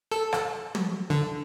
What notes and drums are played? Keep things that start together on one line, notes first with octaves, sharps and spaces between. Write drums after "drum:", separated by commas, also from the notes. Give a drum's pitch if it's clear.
A4
drum: rim click
drum: tom
D3